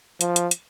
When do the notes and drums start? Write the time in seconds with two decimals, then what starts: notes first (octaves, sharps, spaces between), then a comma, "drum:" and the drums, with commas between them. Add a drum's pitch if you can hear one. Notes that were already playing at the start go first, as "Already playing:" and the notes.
0.21 F3, drum: hi-hat
0.36 drum: hi-hat
0.51 drum: hi-hat